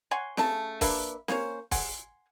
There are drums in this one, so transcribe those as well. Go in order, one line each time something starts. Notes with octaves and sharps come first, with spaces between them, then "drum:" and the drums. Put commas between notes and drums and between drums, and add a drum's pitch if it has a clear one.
C#5 F#5 G#5 C6
C#3 A3 A5, drum: snare
A#3 D4 B4 E5, drum: kick, open hi-hat
A#3 C#4 C5 C#5, drum: snare
F#5 G#5 C6, drum: kick, open hi-hat